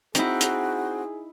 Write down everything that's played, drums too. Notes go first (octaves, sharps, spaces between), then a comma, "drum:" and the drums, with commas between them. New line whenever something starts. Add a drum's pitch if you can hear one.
C4 D#4 E4 F#4 G#4, drum: hi-hat
drum: hi-hat